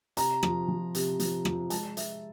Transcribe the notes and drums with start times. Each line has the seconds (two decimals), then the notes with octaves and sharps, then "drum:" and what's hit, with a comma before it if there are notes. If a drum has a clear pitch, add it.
0.17 C3 A#5, drum: hi-hat
0.43 F3, drum: rim click
0.68 F3
0.95 C3, drum: hi-hat
1.20 F3, drum: hi-hat
1.45 F3, drum: rim click
1.70 G#3 A5, drum: hi-hat
1.97 G#3 E5, drum: hi-hat